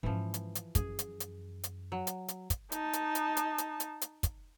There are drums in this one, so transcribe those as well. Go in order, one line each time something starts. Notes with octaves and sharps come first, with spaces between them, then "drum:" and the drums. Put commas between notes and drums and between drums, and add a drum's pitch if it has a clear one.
G#2 E3 F3 C#4
drum: hi-hat
drum: hi-hat
F#2 G#4, drum: kick, hi-hat
drum: hi-hat
drum: hi-hat
drum: hi-hat
F#3
drum: hi-hat
drum: hi-hat
drum: kick, hi-hat
D#4 A5, drum: hi-hat
drum: hi-hat
drum: hi-hat
drum: hi-hat
drum: hi-hat
drum: hi-hat
drum: hi-hat
drum: kick, hi-hat